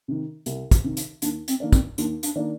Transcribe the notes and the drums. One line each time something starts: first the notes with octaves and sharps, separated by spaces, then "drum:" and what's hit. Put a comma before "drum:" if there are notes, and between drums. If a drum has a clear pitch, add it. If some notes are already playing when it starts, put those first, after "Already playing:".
C3 D#3
C2, drum: hi-hat
drum: kick, hi-hat
C3 D#3
drum: hi-hat
D#2 D4, drum: hi-hat
C4, drum: hi-hat
D#3 A#3 D4
C4, drum: kick, hi-hat
D#2 D4, drum: hi-hat
D4, drum: hi-hat
D#3 A#3 D4